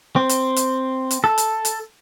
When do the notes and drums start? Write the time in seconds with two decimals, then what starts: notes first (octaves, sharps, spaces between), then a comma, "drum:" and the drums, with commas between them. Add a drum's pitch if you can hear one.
0.16 C4
0.29 drum: hi-hat
0.56 drum: hi-hat
1.11 drum: hi-hat
1.24 A4
1.38 drum: hi-hat
1.65 drum: hi-hat